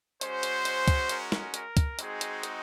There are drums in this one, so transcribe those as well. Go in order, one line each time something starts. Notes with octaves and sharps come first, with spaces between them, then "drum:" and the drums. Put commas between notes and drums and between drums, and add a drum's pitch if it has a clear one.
G#3 C#4 F#4 C5, drum: hi-hat
drum: hi-hat
drum: hi-hat
drum: kick, hi-hat
A#4, drum: hi-hat
drum: snare
A#4, drum: hi-hat
drum: kick, hi-hat
G#3 C4 D#4 F#4 G#4, drum: hi-hat
drum: hi-hat
drum: hi-hat